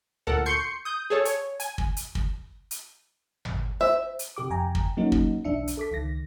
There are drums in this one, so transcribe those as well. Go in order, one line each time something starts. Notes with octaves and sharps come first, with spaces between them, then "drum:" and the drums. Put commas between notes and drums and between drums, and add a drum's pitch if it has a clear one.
D2 A#2 A4 A#4 F#5
C6 C#6 G6 C7 C#7
D#6 G6
G#4 A4 C#5
C#5, drum: hi-hat
G#5, drum: hi-hat
drum: kick
drum: hi-hat
drum: kick
drum: hi-hat
drum: tom G#1
C5 E5
drum: hi-hat
C3 G4 D6
F2 G5 G#5 A#5
drum: kick
F#3 A#3 C#4 D#4 F#4
drum: kick
B1 E2 D4 E5 C#7
drum: hi-hat
A4 D6 B6
C#2 D#3 A#6